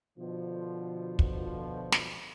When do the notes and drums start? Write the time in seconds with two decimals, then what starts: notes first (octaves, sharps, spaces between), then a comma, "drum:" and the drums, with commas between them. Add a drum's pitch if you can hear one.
0.18 B2 D3 F3
1.19 drum: kick
1.92 drum: snare